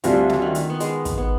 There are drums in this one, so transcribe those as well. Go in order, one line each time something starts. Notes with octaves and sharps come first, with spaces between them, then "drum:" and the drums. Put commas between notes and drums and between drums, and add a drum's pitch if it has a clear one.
D2 C3 F3 G3, drum: hi-hat
drum: snare
D#3
drum: hi-hat
B3
G#3, drum: hi-hat
drum: kick, hi-hat
B3